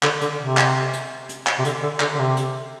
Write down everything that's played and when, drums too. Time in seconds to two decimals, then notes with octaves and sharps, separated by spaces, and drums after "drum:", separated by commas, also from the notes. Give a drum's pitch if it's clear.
0.03 D3, drum: clap
0.21 D3, drum: hi-hat
0.40 C3
0.57 drum: clap
0.93 drum: hi-hat
1.29 drum: hi-hat
1.47 drum: clap
1.59 C3
1.65 D3, drum: hi-hat
1.83 D3
2.00 D3, drum: clap
2.15 D3
2.19 C3
2.37 drum: hi-hat